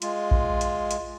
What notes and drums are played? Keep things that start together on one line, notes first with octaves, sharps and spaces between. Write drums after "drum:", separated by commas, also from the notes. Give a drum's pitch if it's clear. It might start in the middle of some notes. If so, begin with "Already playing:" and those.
G#3 F4, drum: hi-hat
drum: kick A#1
drum: hi-hat
drum: hi-hat